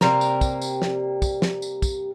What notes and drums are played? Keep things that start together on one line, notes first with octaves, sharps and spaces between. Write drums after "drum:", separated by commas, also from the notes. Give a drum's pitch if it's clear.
C3 G3 A#3 A#5, drum: snare
drum: tambourine
drum: kick, tambourine
drum: tambourine
drum: snare
drum: kick, tambourine
drum: snare
drum: tambourine
drum: kick, tambourine